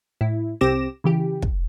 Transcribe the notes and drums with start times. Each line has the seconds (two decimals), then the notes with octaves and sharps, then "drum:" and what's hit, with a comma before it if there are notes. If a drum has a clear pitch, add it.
0.21 A2 E4
0.61 C2 C4 G4 D6 A#6 E7
1.04 C#3 E3 G4
1.42 drum: kick